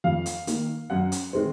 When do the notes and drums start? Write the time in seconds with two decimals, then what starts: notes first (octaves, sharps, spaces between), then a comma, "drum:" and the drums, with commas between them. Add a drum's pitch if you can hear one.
0.04 F2 F5
0.26 drum: hi-hat
0.47 D#3 A#3, drum: hi-hat
0.90 F#2 F#5
1.12 drum: hi-hat
1.33 D#3 G#3 C4